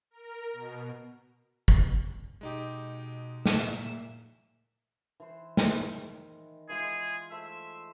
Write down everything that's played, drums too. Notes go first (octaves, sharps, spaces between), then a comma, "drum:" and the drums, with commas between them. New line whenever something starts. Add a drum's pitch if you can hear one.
A#4
B2
drum: kick
B2 G#3 D#4 G4
A#2 E5, drum: snare
E3 C5
D#3 E3 D#4, drum: snare
E3 G#3 F4 G#4
A3 C5 E5